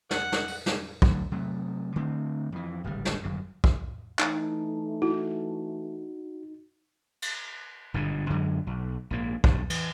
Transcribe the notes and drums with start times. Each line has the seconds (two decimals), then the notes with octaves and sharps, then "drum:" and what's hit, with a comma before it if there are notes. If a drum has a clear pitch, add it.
0.11 F#5, drum: snare
0.32 drum: snare
0.48 drum: open hi-hat
0.66 drum: snare
1.02 D3 F#3 A3, drum: kick
1.32 C3 F#3 A3
1.96 D3 A3 C4
2.52 F2 E3
2.84 D1 G#1 C#3 G3
3.05 drum: snare
3.23 G1 F#2 C#3
3.64 drum: kick
4.19 E3 A3 D#4, drum: clap
5.02 E4 F#4
7.22 drum: cymbal
7.94 G1 G#2 B2 D3
8.30 F#2 D3 F#3 G#3
8.67 B1
9.11 A#1 G#2 A#3
9.44 B1 G2, drum: kick
9.70 E3, drum: cymbal